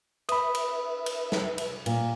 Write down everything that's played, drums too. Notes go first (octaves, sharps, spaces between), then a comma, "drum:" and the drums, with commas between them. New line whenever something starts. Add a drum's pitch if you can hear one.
B4 E5 B5 D#6, drum: cymbal
drum: cymbal
drum: cymbal
drum: snare
drum: cymbal
A#2, drum: cymbal